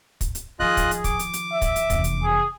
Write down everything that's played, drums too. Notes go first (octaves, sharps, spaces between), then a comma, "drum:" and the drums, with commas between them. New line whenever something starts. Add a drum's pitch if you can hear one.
drum: kick, hi-hat
drum: hi-hat
D#3 F3 F4 G#4 D#5 F#6
drum: kick, hi-hat
drum: hi-hat
D6, drum: kick, hi-hat
drum: hi-hat
drum: hi-hat
E5
drum: kick, hi-hat
drum: hi-hat
F1 E2, drum: kick, hi-hat
drum: hi-hat
G#4